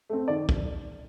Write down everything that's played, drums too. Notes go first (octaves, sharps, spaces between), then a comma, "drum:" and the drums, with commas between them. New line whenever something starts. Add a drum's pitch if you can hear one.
A3 C4
D#3 D5
drum: kick